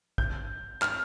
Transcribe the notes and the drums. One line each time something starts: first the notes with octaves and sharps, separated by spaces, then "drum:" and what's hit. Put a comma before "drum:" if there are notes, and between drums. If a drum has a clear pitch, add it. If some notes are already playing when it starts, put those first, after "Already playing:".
G6, drum: kick
F6, drum: clap